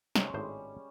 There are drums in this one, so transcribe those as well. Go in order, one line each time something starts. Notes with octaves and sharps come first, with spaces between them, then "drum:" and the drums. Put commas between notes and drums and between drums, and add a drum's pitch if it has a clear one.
C3 G#3 C#4 D#4, drum: snare
G#1 A2 G3 C5